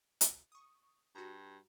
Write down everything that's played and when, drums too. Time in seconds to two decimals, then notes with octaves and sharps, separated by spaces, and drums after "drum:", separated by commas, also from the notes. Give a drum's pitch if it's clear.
0.21 drum: hi-hat
0.52 C#6 D#6
1.15 G2 F#4 A#5